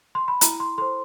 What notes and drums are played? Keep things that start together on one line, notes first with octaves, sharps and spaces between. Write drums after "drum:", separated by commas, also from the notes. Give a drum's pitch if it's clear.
C6
B5
E4 A#5, drum: hi-hat
C6
A4 C5 C6